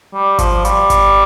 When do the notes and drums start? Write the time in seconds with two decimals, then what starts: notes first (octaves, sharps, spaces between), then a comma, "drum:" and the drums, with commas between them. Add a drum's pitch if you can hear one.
0.14 G3
0.39 F3, drum: kick G#1, hi-hat
0.65 G3, drum: hi-hat
0.90 drum: kick G#1, hi-hat